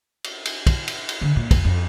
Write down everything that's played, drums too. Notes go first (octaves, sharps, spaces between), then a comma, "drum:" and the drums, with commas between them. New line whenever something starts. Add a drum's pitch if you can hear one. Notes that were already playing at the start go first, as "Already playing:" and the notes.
drum: cymbal
drum: cymbal
drum: kick, cymbal
drum: cymbal
drum: cymbal
D3
A#2
F1, drum: kick, cymbal
F2